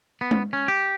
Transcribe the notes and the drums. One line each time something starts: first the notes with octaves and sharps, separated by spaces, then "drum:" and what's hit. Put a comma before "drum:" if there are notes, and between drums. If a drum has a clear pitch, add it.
B3
drum: tom G#3
C#4
G4